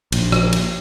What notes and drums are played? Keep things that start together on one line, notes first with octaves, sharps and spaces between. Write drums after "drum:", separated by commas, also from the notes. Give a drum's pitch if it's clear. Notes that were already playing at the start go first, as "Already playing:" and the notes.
A#1, drum: cymbal
drum: rim click
drum: cymbal